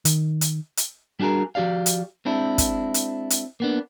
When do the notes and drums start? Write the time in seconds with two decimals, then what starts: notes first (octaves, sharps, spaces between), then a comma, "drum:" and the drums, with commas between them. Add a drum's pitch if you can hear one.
0.05 D#3, drum: hi-hat
0.41 drum: hi-hat
0.77 drum: hi-hat
1.19 G3 D4 F#4 G#4 A#4
1.55 F3 F#4 G4 D5 F5
1.86 drum: hi-hat
2.25 G#3 C4 D4 E4
2.58 drum: kick, hi-hat
2.94 drum: hi-hat
3.30 drum: hi-hat
3.60 A#3 B3 D4